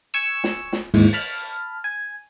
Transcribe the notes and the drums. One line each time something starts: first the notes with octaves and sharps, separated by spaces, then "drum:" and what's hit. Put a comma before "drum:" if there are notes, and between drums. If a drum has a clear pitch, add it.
G#5 C#6 E6
drum: snare
drum: snare
D#2 G#2 E3, drum: open hi-hat
A5 B5 F6
G#5